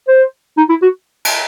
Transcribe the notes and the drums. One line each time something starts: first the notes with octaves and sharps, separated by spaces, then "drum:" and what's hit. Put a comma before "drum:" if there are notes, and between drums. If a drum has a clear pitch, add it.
C5
D#4
E4
F#4
drum: cymbal